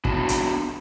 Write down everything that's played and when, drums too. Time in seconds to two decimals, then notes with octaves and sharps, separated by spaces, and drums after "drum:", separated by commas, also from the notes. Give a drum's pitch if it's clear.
0.05 B3 D4 F#4 A5, drum: kick
0.29 drum: hi-hat